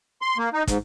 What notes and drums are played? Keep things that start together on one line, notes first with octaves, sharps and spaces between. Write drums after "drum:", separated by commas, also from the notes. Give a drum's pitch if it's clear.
C6
A#3
D#4
G#2, drum: kick, hi-hat